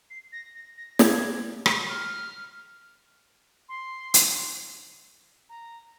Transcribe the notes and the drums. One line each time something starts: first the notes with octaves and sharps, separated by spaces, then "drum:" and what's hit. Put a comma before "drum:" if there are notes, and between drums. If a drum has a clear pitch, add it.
C7
A#6
A#6
A#6
G#6, drum: snare
drum: rim click
F6
C6
drum: hi-hat
A#5